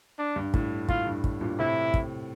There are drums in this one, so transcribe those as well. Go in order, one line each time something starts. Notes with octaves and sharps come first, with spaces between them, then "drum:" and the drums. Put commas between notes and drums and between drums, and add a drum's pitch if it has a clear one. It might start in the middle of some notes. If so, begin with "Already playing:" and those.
D4
G2
A2, drum: kick
A2 F4, drum: kick
G2
A2, drum: kick
G2 A#2
A2 C3 E4
drum: kick